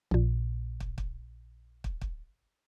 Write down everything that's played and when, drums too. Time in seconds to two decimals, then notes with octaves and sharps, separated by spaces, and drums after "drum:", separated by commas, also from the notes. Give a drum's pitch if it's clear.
0.11 A#1 A#2
0.80 drum: kick
0.98 drum: kick
1.84 drum: kick
2.01 drum: kick